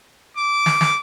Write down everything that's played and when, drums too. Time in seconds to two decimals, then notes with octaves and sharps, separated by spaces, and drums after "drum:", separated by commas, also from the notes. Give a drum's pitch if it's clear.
0.37 D6
0.66 drum: snare
0.81 drum: snare